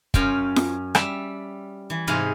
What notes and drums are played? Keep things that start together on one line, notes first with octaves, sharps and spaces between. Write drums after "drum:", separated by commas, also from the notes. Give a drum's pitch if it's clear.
F#2 C#4 F5 G5 C6, drum: kick
drum: snare F4
G3 E5, drum: rim click
E3
G#2 C3 G#4 B4 F5